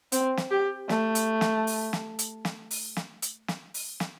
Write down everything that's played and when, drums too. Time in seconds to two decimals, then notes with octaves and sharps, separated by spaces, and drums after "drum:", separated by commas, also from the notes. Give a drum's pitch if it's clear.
0.12 C4, drum: hi-hat
0.37 drum: snare
0.51 G4
0.89 A3, drum: snare
1.15 drum: hi-hat
1.41 drum: snare
1.67 drum: open hi-hat
1.93 drum: snare
2.19 drum: hi-hat
2.45 drum: snare
2.71 drum: open hi-hat
2.97 drum: snare
3.22 drum: hi-hat
3.48 drum: snare
3.74 drum: open hi-hat
4.00 drum: snare